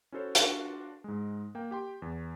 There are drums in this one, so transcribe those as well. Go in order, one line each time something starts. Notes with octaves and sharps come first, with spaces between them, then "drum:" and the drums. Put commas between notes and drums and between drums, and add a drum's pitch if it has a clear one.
C#4 E4 F#4 A4 C5 C#5
D4 F4 F#4, drum: hi-hat
G#2 G#3
A#3 G5
G4 G5 C6
E2